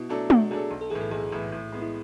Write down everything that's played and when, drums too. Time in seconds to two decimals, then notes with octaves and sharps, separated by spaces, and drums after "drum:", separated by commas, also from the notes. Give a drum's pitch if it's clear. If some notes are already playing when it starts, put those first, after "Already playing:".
Already playing: B2 E4
0.09 F#3 A3 D4 A4
0.30 B2 F#4, drum: tom
0.51 F#3 A3 D4 G#4 A4
0.71 B1
0.81 A4
0.90 A2 E3 G#4
1.01 A4
1.11 B1 G#4
1.32 A2 E3
1.52 A2
1.72 G#3 B3
1.82 E4